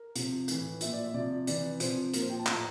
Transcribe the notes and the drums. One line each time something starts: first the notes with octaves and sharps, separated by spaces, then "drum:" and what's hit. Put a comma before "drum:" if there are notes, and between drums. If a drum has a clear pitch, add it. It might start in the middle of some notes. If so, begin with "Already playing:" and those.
Already playing: A#4
C3 F3, drum: hi-hat
A2 E3, drum: hi-hat
A#2 F3 E5, drum: hi-hat
D5
E5
C3 F3 D5
C3 E3 D5, drum: hi-hat
C3 F3 C5, drum: hi-hat
A#2 F3 A#4, drum: hi-hat
C5
G5
A5
A2 F3 A#5, drum: clap